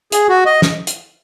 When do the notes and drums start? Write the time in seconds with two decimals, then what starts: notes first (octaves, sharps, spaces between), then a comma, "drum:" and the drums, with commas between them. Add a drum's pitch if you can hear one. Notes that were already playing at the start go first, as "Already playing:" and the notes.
0.12 G#4, drum: hi-hat
0.29 F#4
0.46 D#5
0.62 drum: snare
0.87 drum: hi-hat